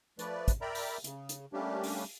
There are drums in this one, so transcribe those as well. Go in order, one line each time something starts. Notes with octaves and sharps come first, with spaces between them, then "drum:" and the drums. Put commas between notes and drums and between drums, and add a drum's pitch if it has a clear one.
F3 A3 B4 D5, drum: hi-hat
drum: kick, hi-hat
A#4 D5 E5 G5 A#5 B5
drum: open hi-hat
C#3, drum: hi-hat
drum: hi-hat
G3 A3 A#3 C#4 D4 G4
drum: open hi-hat